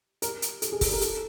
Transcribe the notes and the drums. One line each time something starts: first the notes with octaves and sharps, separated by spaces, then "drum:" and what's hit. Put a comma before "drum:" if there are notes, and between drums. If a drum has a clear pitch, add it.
A#4, drum: hi-hat
drum: hi-hat
A4, drum: hi-hat
G#4
A4, drum: kick, open hi-hat
A#4
A4, drum: hi-hat